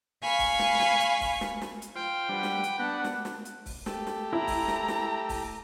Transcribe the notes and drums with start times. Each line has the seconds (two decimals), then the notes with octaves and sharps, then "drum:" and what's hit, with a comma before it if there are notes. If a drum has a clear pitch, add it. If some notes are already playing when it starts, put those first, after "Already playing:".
0.23 F5 G#5 B5 C#6
0.39 drum: kick C#1, open hi-hat
0.59 drum: snare
0.80 drum: snare
1.00 drum: hi-hat
1.21 drum: kick C#1, open hi-hat
1.41 drum: snare
1.61 drum: snare
1.82 drum: hi-hat
1.95 F4 C5 G5
2.29 G3 D4 B4 F#5
2.43 drum: snare
2.64 drum: hi-hat
2.79 B3 D4 F#5
3.04 drum: snare
3.25 drum: snare
3.45 drum: hi-hat
3.66 drum: kick C#1, open hi-hat
3.86 A3 G4 A4, drum: snare
4.07 drum: snare
4.33 E4 A#5
4.47 drum: kick C#1, open hi-hat
4.68 drum: snare
4.88 drum: snare
5.29 drum: kick C#1, open hi-hat